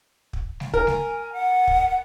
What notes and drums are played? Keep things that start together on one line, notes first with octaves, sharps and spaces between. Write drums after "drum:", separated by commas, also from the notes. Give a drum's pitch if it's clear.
drum: kick
drum: snare G3
A#4 G#5, drum: kick
drum: snare G3
F#5
drum: kick